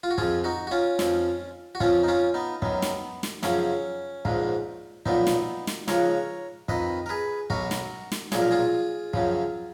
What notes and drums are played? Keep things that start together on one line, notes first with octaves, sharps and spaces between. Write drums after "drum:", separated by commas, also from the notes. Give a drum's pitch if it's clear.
F4
F#4
F2 F3 F4 G#4, drum: kick
D#4 F#4
F#4
C#4 F4
F2 F3, drum: snare
F#4
F2 F3 C#4 F4, drum: kick
D#4
C#4 F4
B3 D#4
F#2 D#3 B3, drum: kick
drum: snare
drum: snare
F#2 C#3 F3 C#4, drum: snare
A#1 G#2 F3, drum: kick
B1 A#2 F3 B3 D#4, drum: kick
drum: snare
drum: snare
C#2 C#3 F3 A#4 C#5, drum: snare
F2 D#3 B4 D#5, drum: kick
A#4
G#4 B4
B1 B2 F#4 A#4, drum: kick
drum: snare
drum: snare
B1 A#2 F3 G#4, drum: snare
A#4
F4 G#4
F#2 C#3 F3, drum: kick